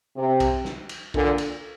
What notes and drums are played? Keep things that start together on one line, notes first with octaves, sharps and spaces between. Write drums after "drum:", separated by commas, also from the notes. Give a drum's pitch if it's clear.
C3
drum: kick, cymbal
drum: snare
drum: cymbal
A#2 D3, drum: kick
drum: cymbal